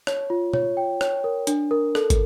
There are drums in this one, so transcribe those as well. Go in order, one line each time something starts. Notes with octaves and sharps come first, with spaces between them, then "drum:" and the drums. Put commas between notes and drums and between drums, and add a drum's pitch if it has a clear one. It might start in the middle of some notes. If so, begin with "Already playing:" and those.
C#5, drum: rim click
F4
C#5, drum: tom B2
G5
C#5, drum: rim click
A#4
D4, drum: hi-hat
A#4
A4, drum: rim click
drum: kick, hi-hat